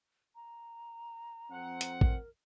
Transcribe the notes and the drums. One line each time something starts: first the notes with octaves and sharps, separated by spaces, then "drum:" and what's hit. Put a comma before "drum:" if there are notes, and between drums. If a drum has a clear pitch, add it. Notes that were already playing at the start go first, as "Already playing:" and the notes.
A#5
F2 C4 F#5
drum: hi-hat
A#4, drum: kick A1